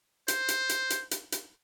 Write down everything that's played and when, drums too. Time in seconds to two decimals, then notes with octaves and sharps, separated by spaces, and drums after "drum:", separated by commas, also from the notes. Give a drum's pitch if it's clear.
0.28 C5, drum: hi-hat
0.48 drum: hi-hat
0.69 drum: hi-hat
0.90 drum: hi-hat
1.11 drum: hi-hat
1.32 drum: hi-hat